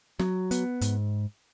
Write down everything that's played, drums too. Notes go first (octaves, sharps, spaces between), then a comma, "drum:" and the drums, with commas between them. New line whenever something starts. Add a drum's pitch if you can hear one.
F#3, drum: snare
B3, drum: hi-hat
G#2, drum: hi-hat